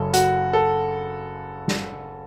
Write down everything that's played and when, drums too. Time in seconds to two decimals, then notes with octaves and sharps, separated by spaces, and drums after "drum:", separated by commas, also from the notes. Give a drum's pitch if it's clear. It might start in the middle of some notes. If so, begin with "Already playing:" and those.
Already playing: F#1 F#2 C#3 A4
0.14 F#4, drum: hi-hat
0.53 A4
1.68 drum: snare